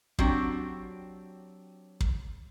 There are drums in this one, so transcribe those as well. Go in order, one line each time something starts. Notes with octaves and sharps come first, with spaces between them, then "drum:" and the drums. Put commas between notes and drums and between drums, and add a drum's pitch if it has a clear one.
F#3 C4 D4 F#4 G4, drum: kick
drum: kick